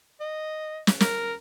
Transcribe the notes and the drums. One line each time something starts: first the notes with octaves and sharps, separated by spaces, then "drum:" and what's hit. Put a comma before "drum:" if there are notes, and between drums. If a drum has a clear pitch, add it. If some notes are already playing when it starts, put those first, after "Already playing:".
D#5
drum: snare
A#4, drum: snare